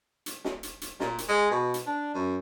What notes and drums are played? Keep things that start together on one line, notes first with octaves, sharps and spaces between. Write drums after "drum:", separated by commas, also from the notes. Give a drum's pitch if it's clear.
drum: hi-hat
drum: snare
drum: hi-hat
drum: hi-hat
A#2, drum: snare
drum: hi-hat
G#3
B2
drum: hi-hat
D4
F#2